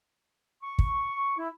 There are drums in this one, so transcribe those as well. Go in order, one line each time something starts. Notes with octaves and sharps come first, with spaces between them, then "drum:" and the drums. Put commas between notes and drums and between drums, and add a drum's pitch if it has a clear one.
C#6
drum: kick
E4